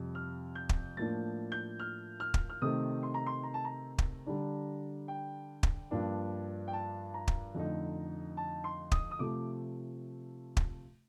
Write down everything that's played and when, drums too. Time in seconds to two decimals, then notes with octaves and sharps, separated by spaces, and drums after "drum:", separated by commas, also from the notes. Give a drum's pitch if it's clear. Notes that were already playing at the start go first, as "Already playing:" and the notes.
Already playing: F2 C3 G3
0.15 F6
0.55 G6
0.69 drum: kick
0.97 A2 F3 A#3 D4 A6
1.52 G6
1.80 F6
2.20 F6
2.34 drum: kick
2.50 F6
2.62 C3 D#3 A3 C4 D#6
3.03 C6
3.14 A#5
3.26 C6
3.43 A#5
3.54 A5
3.65 A#5
3.98 drum: kick
4.26 D3 G3 D4
5.08 G5
5.63 drum: kick
5.91 G2 F3 A#3 D4
6.68 G5
6.73 A5
7.14 A#5
7.28 drum: kick
7.55 F2 D3 A3 D#4
8.37 A5
8.64 C6
8.92 D#6, drum: kick
9.11 D#6
9.19 C3 F3 A3 D6
10.57 drum: kick